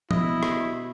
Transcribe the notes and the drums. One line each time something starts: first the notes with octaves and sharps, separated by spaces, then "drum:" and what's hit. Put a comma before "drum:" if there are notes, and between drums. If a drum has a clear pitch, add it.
B2 E4 D#5, drum: tom
drum: rim click